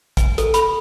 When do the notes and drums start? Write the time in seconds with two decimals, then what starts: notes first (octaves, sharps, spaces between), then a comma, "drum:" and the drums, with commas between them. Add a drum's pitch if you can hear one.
0.17 G#5, drum: kick, hi-hat
0.38 A4, drum: hi-hat
0.54 B5, drum: hi-hat